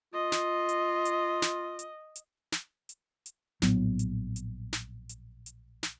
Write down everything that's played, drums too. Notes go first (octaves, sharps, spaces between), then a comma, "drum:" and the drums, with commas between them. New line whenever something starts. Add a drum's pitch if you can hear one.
F4 D#5
drum: snare
drum: hi-hat
drum: hi-hat
drum: snare
drum: hi-hat
drum: hi-hat
drum: snare
drum: hi-hat
drum: hi-hat
A#1 A2 F#3 B3, drum: snare
drum: hi-hat
drum: hi-hat
drum: snare
drum: hi-hat
drum: hi-hat
drum: snare